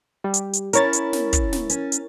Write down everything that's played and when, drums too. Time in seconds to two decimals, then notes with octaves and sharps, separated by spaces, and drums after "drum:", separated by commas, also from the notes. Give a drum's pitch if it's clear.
0.24 G3
0.34 drum: hi-hat
0.54 drum: hi-hat
0.73 C#4 E4 A#4 C#5 A6, drum: hi-hat
0.93 drum: hi-hat
1.13 drum: snare
1.33 drum: kick, hi-hat
1.53 drum: snare
1.70 C#4, drum: hi-hat
1.92 drum: hi-hat